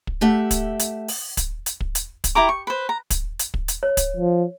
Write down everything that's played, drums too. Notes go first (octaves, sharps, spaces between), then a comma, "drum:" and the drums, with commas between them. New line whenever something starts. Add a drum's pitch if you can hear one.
drum: kick
A3 G4 E5 F#5
drum: kick, hi-hat
drum: hi-hat
drum: open hi-hat
drum: kick, hi-hat
drum: hi-hat
drum: kick
drum: hi-hat
drum: kick, hi-hat
E4 G4 A#5 D6
C#6
B4 C5
A#5
drum: kick, hi-hat
drum: hi-hat
drum: kick
drum: hi-hat
C#5
drum: kick, hi-hat
F3